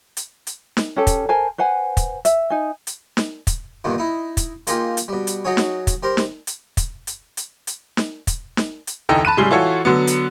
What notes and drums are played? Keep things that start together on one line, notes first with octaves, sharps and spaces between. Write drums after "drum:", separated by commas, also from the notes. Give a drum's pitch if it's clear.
drum: hi-hat
drum: hi-hat
drum: snare
C#4 G4 A4
drum: kick, hi-hat
A#4 C5 G#5 A5
B4 C5 F#5 G#5
drum: kick, hi-hat
E5, drum: hi-hat
D#4 G#5
drum: hi-hat
drum: snare
drum: kick, hi-hat
E2 G2 A#2 D#3
D#4 E4
drum: kick, hi-hat
G#3 A#3 D#4 F4 G4, drum: hi-hat
drum: hi-hat
B2 G3
drum: hi-hat
F#3 D#4 F#4 G#4 C#5
drum: snare
drum: kick, hi-hat
G3 A#4 C5
drum: snare
drum: hi-hat
drum: kick, hi-hat
drum: hi-hat
drum: hi-hat
drum: hi-hat
drum: snare
drum: kick, hi-hat
drum: snare
drum: hi-hat
F1 D2 E3 D#4 A4 G5
A5 B5 F#6 D#7
A2 C#3 G3 G#3 G7
E3 F4 F#4 A4 C#5
D3 F#3 B3
drum: hi-hat